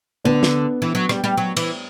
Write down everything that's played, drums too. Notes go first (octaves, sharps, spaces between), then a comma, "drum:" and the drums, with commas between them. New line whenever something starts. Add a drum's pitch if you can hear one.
D3 B3 D4
drum: snare
E3
F#3
G3, drum: rim click
G3
F#3
E3, drum: cymbal